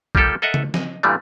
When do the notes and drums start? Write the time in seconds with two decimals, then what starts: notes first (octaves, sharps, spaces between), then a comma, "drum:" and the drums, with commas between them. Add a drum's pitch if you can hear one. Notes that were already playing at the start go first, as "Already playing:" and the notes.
0.15 G3 A#3 F4 G4 A4 G5, drum: kick
0.42 A4 A#4 D#5 E5 F#5
0.54 drum: tom
0.74 D#5, drum: snare
1.03 G2 A#2 D3 E3 G3 A3